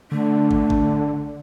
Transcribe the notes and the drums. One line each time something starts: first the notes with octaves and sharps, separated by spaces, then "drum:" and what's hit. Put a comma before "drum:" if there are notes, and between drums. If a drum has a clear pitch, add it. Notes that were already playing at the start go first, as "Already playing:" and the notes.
D3 A3 D4
drum: kick
drum: kick